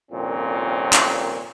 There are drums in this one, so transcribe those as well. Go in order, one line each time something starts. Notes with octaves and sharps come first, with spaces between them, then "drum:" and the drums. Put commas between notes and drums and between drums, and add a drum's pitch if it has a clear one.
C2 F2 A#2 D#3 C4 C#4
drum: clap